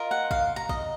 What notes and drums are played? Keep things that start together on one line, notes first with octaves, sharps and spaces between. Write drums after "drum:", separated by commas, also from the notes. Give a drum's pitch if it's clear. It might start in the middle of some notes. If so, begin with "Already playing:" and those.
Already playing: F4 A#4 D#5
F#5
F5, drum: kick
A#5
D#5, drum: kick